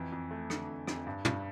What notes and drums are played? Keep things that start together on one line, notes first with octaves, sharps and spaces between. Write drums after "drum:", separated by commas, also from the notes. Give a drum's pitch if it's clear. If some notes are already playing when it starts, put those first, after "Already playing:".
Already playing: F2 E3
F2
A3
D3, drum: rim click
F2
F2, drum: rim click
G2
G2, drum: tom